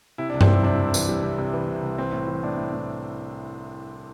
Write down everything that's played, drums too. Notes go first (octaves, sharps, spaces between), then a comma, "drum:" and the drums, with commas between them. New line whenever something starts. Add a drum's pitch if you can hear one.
C3 E4
D4
C2
C4, drum: tom G2
G3 E4
C3 D4
C2
E3, drum: tambourine
G3
C3
C3
E3
C3
C2
E3 C4
A2
E3
A2 D4
A2
A2